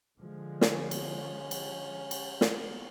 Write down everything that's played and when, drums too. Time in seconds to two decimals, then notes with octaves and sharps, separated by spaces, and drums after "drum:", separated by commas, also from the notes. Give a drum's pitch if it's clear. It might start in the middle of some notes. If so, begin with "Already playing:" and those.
0.19 D3 F3 G#3
0.61 C#4, drum: snare
0.91 drum: cymbal
1.51 drum: cymbal
2.11 drum: cymbal
2.41 drum: snare